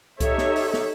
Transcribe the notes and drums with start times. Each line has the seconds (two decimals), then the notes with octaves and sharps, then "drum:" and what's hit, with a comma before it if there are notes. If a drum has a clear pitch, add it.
0.20 D#4 G4 A4 C#5 E5, drum: kick C2, hi-hat
0.38 drum: snare
0.56 drum: open hi-hat
0.74 drum: snare